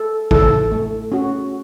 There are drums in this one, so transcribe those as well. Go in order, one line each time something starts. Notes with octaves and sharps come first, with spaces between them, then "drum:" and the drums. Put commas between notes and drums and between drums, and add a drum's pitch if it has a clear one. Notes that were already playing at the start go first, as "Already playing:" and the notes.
Already playing: A4
E4 A4, drum: kick
A3
C#4 F#4